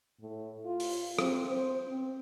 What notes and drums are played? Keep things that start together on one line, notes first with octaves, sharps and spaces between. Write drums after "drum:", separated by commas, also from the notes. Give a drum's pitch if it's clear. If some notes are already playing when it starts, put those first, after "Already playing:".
A2
F4
drum: open hi-hat
C4, drum: rim click
C5
C4